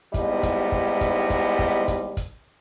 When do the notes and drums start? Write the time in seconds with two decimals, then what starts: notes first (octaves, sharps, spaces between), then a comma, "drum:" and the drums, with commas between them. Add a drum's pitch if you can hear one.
0.14 D#2 G#2 G3 B3 E4 D#5, drum: kick, hi-hat
0.43 drum: kick, hi-hat
0.72 drum: kick
1.01 drum: kick, hi-hat
1.30 drum: kick, hi-hat
1.59 drum: kick
1.88 drum: kick, hi-hat
2.17 drum: kick, hi-hat